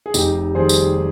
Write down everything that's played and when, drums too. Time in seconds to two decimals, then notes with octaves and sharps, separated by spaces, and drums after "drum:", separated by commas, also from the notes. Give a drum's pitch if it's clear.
0.06 G#4
0.14 F1 D#4 G4, drum: tambourine
0.55 D#2 D#3 G3 G#4 C5
0.69 drum: tambourine